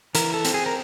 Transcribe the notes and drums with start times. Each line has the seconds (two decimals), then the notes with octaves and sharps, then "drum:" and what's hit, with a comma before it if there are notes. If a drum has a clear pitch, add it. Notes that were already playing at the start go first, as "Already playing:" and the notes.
0.15 E3 A#4, drum: hi-hat
0.34 A4
0.45 C4, drum: hi-hat
0.54 G#4
0.66 A#4